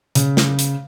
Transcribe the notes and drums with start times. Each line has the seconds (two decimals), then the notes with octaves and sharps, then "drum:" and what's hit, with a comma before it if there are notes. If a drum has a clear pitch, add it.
0.15 C#3, drum: hi-hat
0.37 drum: snare
0.59 drum: hi-hat